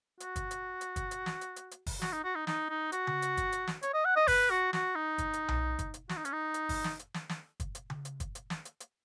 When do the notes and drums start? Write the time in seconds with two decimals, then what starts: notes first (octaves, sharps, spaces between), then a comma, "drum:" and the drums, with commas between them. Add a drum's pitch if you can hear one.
0.20 F#4, drum: hi-hat
0.36 drum: kick, hi-hat
0.51 drum: hi-hat
0.81 drum: hi-hat
0.96 drum: kick, hi-hat
1.11 drum: hi-hat
1.26 drum: snare
1.41 drum: hi-hat
1.56 drum: hi-hat
1.71 drum: hi-hat
1.86 drum: kick, open hi-hat
2.02 F#4, drum: snare
2.13 D#4
2.24 F#4
2.35 D#4
2.47 D#4, drum: snare
2.70 D#4
2.92 F#4, drum: hi-hat
3.07 drum: tom C#3
3.22 drum: hi-hat
3.37 drum: kick, hi-hat
3.52 drum: hi-hat
3.67 drum: snare
3.83 C#5, drum: hi-hat
3.94 D#5
4.05 F#5
4.16 D#5
4.28 B4, drum: kick, open hi-hat
4.51 F#4
4.73 F#4, drum: snare
4.95 D#4
5.18 drum: kick, hi-hat
5.33 drum: hi-hat
5.48 drum: tom B1
5.79 drum: kick, hi-hat
5.94 drum: hi-hat
6.09 F#4, drum: snare
6.17 D#4
6.25 C#4, drum: hi-hat
6.33 D#4
6.54 drum: hi-hat
6.69 drum: kick, open hi-hat
6.84 drum: snare
6.99 drum: hi-hat
7.14 drum: snare
7.29 drum: snare
7.60 drum: kick, hi-hat
7.75 drum: hi-hat
7.90 drum: tom C#3
8.05 drum: hi-hat
8.20 drum: kick, hi-hat
8.35 drum: hi-hat
8.50 drum: snare
8.65 drum: hi-hat
8.80 drum: hi-hat